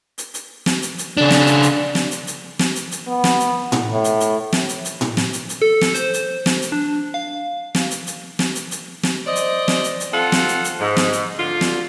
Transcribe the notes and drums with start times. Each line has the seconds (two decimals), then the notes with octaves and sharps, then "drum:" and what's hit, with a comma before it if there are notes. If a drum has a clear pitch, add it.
0.18 drum: hi-hat
0.34 drum: hi-hat
0.66 drum: snare
0.82 drum: hi-hat
0.98 drum: hi-hat
1.17 C#3 D4
1.31 drum: snare
1.47 drum: hi-hat
1.63 drum: hi-hat
1.95 drum: snare
2.11 drum: hi-hat
2.27 drum: hi-hat
2.59 drum: snare
2.75 drum: hi-hat
2.92 drum: hi-hat
3.08 B3
3.24 drum: snare
3.40 drum: hi-hat
3.72 drum: tom A2
3.92 A2
4.04 drum: hi-hat
4.20 drum: hi-hat
4.53 drum: snare
4.69 drum: hi-hat
4.85 drum: hi-hat
5.01 drum: tom A2
5.17 drum: snare
5.33 drum: hi-hat
5.49 drum: hi-hat
5.62 A4
5.81 drum: snare
5.95 C5, drum: hi-hat
6.14 drum: hi-hat
6.46 drum: snare
6.62 drum: hi-hat
6.72 D4
7.14 F5
7.75 drum: snare
7.91 drum: hi-hat
8.07 drum: hi-hat
8.39 drum: snare
8.55 drum: hi-hat
8.71 drum: hi-hat
9.03 drum: snare
9.26 C5 D5 D#5
9.36 drum: hi-hat
9.68 drum: snare
9.84 drum: hi-hat
10.00 drum: hi-hat
10.12 C4 F4 A4 F#5
10.32 drum: snare
10.48 drum: hi-hat
10.64 drum: hi-hat
10.80 G#2
10.97 drum: snare
11.13 drum: hi-hat
11.36 D3 F4
11.61 drum: snare